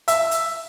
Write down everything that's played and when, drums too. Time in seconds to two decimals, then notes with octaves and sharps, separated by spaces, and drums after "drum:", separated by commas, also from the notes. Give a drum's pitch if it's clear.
0.08 E5, drum: hi-hat
0.31 drum: hi-hat